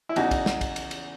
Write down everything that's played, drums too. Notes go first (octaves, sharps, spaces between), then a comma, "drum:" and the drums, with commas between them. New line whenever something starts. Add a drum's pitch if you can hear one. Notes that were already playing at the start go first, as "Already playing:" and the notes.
E4
E2 C#3 E3 D#4 F#4, drum: cymbal
drum: kick, cymbal
drum: snare
drum: kick, cymbal
drum: cymbal
drum: cymbal